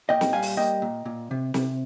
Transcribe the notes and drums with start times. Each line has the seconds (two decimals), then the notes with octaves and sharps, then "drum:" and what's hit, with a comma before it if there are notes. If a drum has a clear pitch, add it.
0.09 A#2 D#5 G5
0.21 drum: snare
0.33 G3 F5 G#5
0.42 drum: open hi-hat
0.57 A#3 D#5 G5
0.82 A#2
1.05 A#2
1.31 C3
1.54 C3, drum: snare